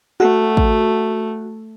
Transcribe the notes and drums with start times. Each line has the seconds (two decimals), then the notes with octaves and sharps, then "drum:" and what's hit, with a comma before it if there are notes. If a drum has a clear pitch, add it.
0.20 A3 F#4
0.57 drum: kick